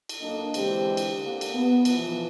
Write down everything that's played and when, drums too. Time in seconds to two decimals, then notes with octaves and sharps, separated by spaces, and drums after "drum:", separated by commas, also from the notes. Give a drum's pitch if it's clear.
0.09 drum: cymbal
0.20 F#2 A#3 D4 A4 D#5
0.54 D3 E3 G#3 C4 G4, drum: cymbal
0.97 drum: cymbal
1.17 D3 A#3 G4
1.41 drum: cymbal
1.52 B3
1.85 B2 E3 F3, drum: cymbal